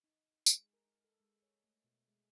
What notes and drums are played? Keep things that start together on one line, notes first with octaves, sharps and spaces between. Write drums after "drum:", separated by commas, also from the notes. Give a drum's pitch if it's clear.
D#4
G#3, drum: tambourine
A#4
A4
G#3
C#5
A3
B2
G#3